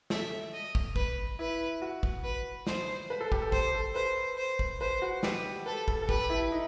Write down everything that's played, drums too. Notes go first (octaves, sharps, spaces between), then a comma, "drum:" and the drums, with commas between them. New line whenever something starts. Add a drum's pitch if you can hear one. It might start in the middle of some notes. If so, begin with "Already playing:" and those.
A4 E5, drum: snare
D#5
drum: kick
B4, drum: kick
E4 B4
F#4
drum: kick
B4
C5, drum: snare
B4
A4
G4, drum: kick
A4
C5, drum: kick
A4
B4 C5
C5
drum: kick
B4 C5
F#4
G4 B4, drum: snare
A4 B4
A4, drum: kick
A4
G4 B4, drum: kick
E4
D#4